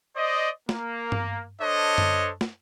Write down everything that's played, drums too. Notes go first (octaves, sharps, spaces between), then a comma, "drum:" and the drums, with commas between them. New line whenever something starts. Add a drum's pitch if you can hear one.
C5 D5 D#5
A#3, drum: snare
drum: tom G2
D4 A4 C5 C#5 D#5
drum: tom F#2
drum: snare